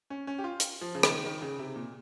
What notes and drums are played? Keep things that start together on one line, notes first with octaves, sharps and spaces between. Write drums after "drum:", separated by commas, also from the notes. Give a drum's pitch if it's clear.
C#4
C#4
G4
F4
drum: hi-hat
F3
C#3
D#3, drum: rim click
D#3
C#3
C3
A#2